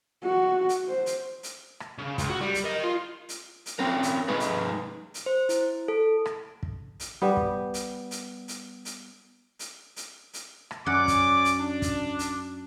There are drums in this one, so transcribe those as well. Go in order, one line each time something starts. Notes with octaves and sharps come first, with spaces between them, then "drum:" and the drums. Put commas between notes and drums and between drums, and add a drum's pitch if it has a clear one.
F#4
drum: hi-hat
C5
drum: hi-hat
drum: hi-hat
drum: rim click
C#3
C#2, drum: kick, hi-hat
F#4
G3
drum: hi-hat
A#4 D#5
F4
drum: hi-hat
drum: hi-hat
C4 C#4 A#4
drum: hi-hat
G#3 D#4 G#4 B4
drum: hi-hat
drum: hi-hat
C5
E4, drum: hi-hat
A4
drum: rim click
drum: kick
drum: hi-hat
G3 B3
drum: kick
drum: hi-hat
drum: hi-hat
drum: hi-hat
drum: hi-hat
drum: hi-hat
drum: hi-hat
drum: hi-hat
drum: rim click
F#2 C#4 D5 F#5 D6
drum: kick, hi-hat
drum: hi-hat
D4
drum: kick, hi-hat
drum: hi-hat